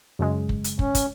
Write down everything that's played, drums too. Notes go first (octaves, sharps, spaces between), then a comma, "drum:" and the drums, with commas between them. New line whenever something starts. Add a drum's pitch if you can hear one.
F#2 C#3 G#3
drum: kick
drum: hi-hat
C#4, drum: kick
drum: kick, hi-hat